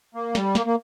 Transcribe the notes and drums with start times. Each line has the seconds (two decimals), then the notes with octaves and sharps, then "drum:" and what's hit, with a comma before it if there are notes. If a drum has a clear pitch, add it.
0.15 A#3
0.35 G3, drum: snare
0.55 A#3, drum: snare
0.66 A#3